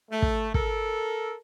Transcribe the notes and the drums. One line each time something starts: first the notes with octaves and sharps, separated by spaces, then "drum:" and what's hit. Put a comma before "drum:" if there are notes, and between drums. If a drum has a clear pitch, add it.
A3
drum: kick
A4 A#4, drum: kick